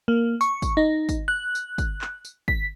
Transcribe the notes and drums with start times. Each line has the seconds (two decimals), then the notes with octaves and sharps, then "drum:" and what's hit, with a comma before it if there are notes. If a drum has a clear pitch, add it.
0.08 A#3
0.41 C#6, drum: tambourine
0.62 drum: kick, tambourine
0.77 D#4
1.09 drum: kick, tambourine
1.28 F#6
1.55 drum: tambourine
1.78 drum: kick, tambourine
2.01 drum: clap
2.25 drum: tambourine
2.48 B6, drum: kick